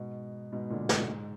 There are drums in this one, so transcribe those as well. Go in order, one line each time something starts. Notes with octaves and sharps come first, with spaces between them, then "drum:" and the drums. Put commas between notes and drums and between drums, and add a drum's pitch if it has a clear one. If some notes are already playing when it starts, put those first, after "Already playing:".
Already playing: G#2 B2
G#2 B2
A#2 D3
G#2 B2, drum: snare
G#2